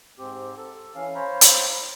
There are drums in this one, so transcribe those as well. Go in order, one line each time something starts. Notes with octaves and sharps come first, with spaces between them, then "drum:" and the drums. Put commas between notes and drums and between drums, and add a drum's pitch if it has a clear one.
G#2 C4 G4
A4
E3 C#4 F5
C5 C#5 F5 A#5 B5
drum: hi-hat